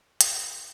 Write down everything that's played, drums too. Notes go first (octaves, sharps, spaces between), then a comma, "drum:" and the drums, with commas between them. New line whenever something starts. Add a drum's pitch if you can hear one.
E4, drum: hi-hat